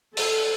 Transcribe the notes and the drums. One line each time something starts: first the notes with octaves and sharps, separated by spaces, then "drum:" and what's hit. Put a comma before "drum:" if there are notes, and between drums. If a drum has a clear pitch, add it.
A4, drum: open hi-hat